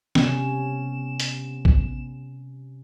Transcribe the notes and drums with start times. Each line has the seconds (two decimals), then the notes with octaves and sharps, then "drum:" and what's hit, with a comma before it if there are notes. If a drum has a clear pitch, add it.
0.15 C3 B3 C#4 E7, drum: snare
1.20 drum: hi-hat
1.65 drum: kick